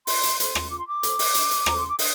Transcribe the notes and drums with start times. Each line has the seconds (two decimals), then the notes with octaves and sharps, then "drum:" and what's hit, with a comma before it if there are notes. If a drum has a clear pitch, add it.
0.07 F4 C6, drum: open hi-hat
0.23 drum: hi-hat
0.40 A4 C5 C6, drum: hi-hat
0.55 drum: rim click
0.71 F4 D6
0.79 C6
0.86 D6
1.03 A4 C5, drum: hi-hat
1.19 drum: open hi-hat
1.34 D4, drum: hi-hat
1.51 drum: hi-hat
1.66 A4 C5 A#5, drum: rim click
1.76 C6
1.88 D6
1.99 D4 D#6, drum: open hi-hat